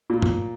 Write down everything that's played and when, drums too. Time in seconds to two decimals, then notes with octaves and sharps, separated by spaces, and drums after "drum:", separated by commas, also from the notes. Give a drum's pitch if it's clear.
0.10 A#2
0.22 drum: tom